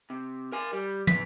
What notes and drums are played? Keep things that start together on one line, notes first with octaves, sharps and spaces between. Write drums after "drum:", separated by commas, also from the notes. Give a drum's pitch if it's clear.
C3
A#4 G#5
G3
E3 B3 B6, drum: tom